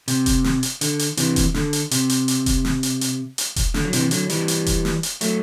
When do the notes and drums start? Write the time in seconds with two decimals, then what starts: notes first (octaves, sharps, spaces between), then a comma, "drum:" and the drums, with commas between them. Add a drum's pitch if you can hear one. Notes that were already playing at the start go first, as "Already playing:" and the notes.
0.08 C3, drum: hi-hat
0.26 drum: kick E1, hi-hat
0.44 drum: snare
0.63 drum: hi-hat
0.81 D3, drum: hi-hat
0.99 drum: hi-hat
1.17 C3 E3, drum: hi-hat
1.36 drum: kick E1, hi-hat
1.54 D3, drum: snare
1.73 drum: hi-hat
1.91 C3, drum: hi-hat
2.10 drum: hi-hat
2.28 drum: hi-hat
2.46 drum: kick E1, hi-hat
2.65 drum: snare
2.83 drum: hi-hat
3.01 drum: hi-hat
3.38 drum: hi-hat
3.56 drum: kick E1, hi-hat
3.74 D3, drum: snare
3.85 F#3
3.93 C3 E3, drum: hi-hat
4.11 D3 F#3, drum: hi-hat
4.30 E3 G3, drum: hi-hat
4.48 drum: hi-hat
4.66 drum: kick E1, hi-hat
4.85 drum: snare
5.03 drum: hi-hat
5.21 F#3 A3, drum: hi-hat